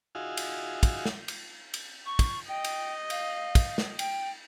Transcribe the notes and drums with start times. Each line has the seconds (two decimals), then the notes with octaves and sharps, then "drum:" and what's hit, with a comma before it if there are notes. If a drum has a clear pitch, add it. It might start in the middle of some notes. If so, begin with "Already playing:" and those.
0.15 D#4 F4 F#4 G#4 E5 F5
0.37 drum: cymbal
0.83 drum: kick, cymbal
1.05 drum: snare
1.28 drum: cymbal
1.74 drum: cymbal
2.06 C#6
2.19 drum: kick, cymbal
2.49 D#5 G5
2.64 drum: cymbal
3.10 F5, drum: cymbal
3.55 drum: kick, cymbal
3.78 drum: snare
3.99 G5, drum: cymbal